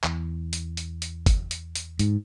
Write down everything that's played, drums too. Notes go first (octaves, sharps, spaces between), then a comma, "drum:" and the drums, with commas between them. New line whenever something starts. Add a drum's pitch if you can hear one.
E2, drum: clap
drum: hi-hat
drum: hi-hat
drum: hi-hat
drum: kick, hi-hat
drum: hi-hat
drum: hi-hat
G#2, drum: hi-hat